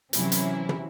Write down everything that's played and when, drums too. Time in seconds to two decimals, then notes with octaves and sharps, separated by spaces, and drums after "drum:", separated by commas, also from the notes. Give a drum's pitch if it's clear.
0.13 C3 E3 F#3 C#4 E4, drum: hi-hat
0.32 drum: hi-hat
0.69 drum: tom